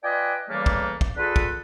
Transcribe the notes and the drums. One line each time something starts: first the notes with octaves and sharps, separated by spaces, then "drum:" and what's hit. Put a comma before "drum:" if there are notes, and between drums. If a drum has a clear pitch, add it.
F4 B4 D5 D#5 G5 G#5
C#3 E3 G3 A3 A#3
drum: kick
drum: kick
D3 F4 G#4 A4 B4
drum: kick